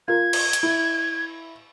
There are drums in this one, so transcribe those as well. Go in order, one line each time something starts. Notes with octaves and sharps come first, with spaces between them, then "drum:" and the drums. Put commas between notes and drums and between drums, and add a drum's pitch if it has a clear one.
F4 A#4 G#6
drum: cymbal
drum: hi-hat
E4